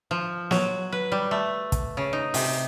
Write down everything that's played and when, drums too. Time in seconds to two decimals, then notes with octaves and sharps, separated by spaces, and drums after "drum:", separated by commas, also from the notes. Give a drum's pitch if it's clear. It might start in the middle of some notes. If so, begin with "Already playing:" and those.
0.11 F3
0.51 F#3, drum: snare
0.92 B4
1.12 G3
1.31 A3
1.72 drum: kick, hi-hat
1.97 C#3
2.13 D#4
2.34 C3, drum: open hi-hat